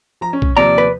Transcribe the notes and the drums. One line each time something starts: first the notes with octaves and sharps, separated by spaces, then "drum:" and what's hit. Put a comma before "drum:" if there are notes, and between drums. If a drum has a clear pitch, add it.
F3 A#5
C#4
drum: kick
D#2 C3 F3 D5 A#5
B4